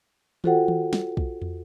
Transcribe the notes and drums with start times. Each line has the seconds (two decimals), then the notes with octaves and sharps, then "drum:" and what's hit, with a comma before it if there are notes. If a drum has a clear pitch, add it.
0.44 F4 F#4 A4 C5 F#5 G5, drum: tom D#3
0.68 drum: tom D#3
0.93 drum: snare
1.17 drum: kick
1.42 drum: tom